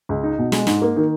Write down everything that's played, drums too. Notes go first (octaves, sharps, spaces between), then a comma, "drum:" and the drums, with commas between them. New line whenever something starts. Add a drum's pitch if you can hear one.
C#2
D#4
B2
G#3, drum: snare
G#2, drum: snare
A#3
D#3